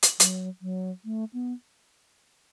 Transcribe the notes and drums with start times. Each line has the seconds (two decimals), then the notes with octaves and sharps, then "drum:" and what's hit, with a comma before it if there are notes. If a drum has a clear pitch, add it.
0.03 drum: hi-hat
0.20 F#3, drum: hi-hat
0.62 F#3
1.05 A3
1.33 B3